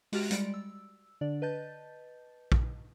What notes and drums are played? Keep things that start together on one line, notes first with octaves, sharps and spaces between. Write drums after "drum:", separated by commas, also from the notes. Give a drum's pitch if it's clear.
G#3 F#4 G4 F6 A6 F7, drum: open hi-hat
G3 G#3 D5 A6 D7, drum: hi-hat
E6
D3 D4 D5
B4 D#5 A5 G6 A6
drum: kick